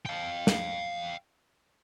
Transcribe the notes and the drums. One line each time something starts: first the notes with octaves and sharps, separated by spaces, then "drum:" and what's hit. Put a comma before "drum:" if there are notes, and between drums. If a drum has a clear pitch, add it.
F5 G5
drum: snare